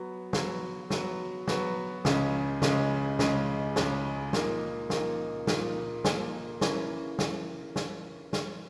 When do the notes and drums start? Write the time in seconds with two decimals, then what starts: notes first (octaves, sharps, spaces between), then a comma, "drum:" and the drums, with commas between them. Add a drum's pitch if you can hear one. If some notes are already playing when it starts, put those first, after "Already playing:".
Already playing: F#3 B3 F#4
0.33 F#3 B3 F#4, drum: snare
0.90 F#3 B3 F#4, drum: snare
1.47 F#3 B3 F#4, drum: snare
2.05 C#2 C#3 G#3 C#4, drum: snare
2.62 C#2 C#3 G#3 C#4, drum: snare
3.19 C#2 C#3 G#3 C#4, drum: snare
3.76 C#2 C#3 G#3 C#4, drum: snare
4.33 A#2 A#3 D#4, drum: snare
4.90 A#2 A#3 D#4, drum: snare
5.47 A#2 A#3 D#4, drum: snare
6.05 A#2 A#3 D#4, drum: snare
6.61 E3 A#3 C#4, drum: snare
7.19 drum: snare
7.76 drum: snare
8.33 drum: snare